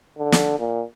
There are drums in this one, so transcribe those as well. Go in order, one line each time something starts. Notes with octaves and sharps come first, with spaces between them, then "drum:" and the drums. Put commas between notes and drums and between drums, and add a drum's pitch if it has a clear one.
D3
drum: snare
A#2